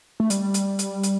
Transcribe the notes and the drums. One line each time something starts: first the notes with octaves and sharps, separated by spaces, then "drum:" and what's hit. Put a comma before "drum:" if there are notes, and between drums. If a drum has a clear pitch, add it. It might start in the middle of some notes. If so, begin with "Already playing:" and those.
A3
G3, drum: hi-hat
drum: hi-hat
drum: hi-hat
drum: hi-hat